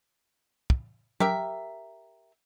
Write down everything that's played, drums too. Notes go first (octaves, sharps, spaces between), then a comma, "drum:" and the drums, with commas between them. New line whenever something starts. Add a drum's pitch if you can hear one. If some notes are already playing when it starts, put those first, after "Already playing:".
drum: kick
G4 A#4 E5, drum: tom F#3